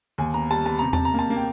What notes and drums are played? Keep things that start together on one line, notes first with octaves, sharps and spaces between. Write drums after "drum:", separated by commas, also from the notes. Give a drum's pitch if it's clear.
D#2 G#5
B3 A#5
G3 A5
B3 A5
C3 A#5
C3 A5, drum: tom E2
A#5
A#3 A5
A#3
G5